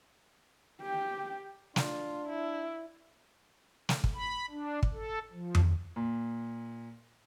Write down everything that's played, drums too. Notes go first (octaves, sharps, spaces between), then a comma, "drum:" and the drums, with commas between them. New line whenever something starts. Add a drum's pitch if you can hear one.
G4 G5
D4 F4, drum: snare
E4
drum: snare
drum: kick
B5
D4
drum: kick
A4
F3
drum: tom F2
A#2